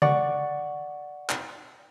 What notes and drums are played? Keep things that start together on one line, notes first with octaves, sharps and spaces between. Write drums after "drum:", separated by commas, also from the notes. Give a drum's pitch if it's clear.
D5 F#5 C#6, drum: tom C#3
drum: clap